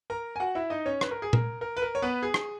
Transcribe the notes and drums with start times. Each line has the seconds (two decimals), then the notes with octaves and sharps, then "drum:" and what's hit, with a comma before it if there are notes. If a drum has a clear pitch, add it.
0.10 A#4 A#5
0.36 G#5
0.40 F#4 F#5
0.55 E4 E5
0.70 D#4 D#5
0.85 C#4 C#5
1.01 B4, drum: rim click
1.11 A#4
1.22 G#4
1.33 A#4, drum: tom A#2
1.61 A#4
1.77 B4
1.82 A#4
1.95 C#5
2.02 B3 B4
2.23 G#4
2.34 drum: rim click